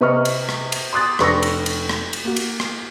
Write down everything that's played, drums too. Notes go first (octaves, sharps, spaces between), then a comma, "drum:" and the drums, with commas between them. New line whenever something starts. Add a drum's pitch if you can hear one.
C3 B4 D#5 C#6 F6
drum: cymbal
drum: rim click
drum: cymbal
C6 D6 D#6 F#6 A6
F1 D4 B4 C#6 E6 A#6, drum: rim click
drum: cymbal
drum: cymbal
drum: rim click
drum: cymbal
A#3 F#4
drum: cymbal
drum: rim click